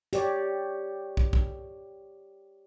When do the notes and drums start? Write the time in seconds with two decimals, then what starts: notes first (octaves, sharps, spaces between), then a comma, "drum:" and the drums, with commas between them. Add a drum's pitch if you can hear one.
0.13 G4 C#5 D5, drum: hi-hat
1.17 drum: kick
1.33 drum: kick